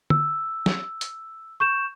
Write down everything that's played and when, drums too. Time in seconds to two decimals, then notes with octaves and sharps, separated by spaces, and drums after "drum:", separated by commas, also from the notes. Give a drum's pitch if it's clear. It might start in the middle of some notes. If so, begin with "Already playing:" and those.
0.10 E6, drum: tom
0.66 drum: snare
1.01 drum: hi-hat
1.60 C#6 G6 E7